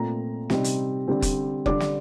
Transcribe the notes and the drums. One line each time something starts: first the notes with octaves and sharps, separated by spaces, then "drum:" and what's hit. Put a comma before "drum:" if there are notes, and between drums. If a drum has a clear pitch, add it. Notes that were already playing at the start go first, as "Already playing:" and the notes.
Already playing: A#2 A3 C4 A#5
C3 G3 C4 D#4, drum: snare
drum: hi-hat
D3 G3 C4
drum: kick F1, hi-hat
D3 G3 D4 D6, drum: kick F1
drum: snare